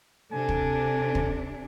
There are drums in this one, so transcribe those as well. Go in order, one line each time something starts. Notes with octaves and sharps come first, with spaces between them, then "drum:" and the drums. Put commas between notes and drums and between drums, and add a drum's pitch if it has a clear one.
C3 D4 A4 G#5
drum: kick
drum: kick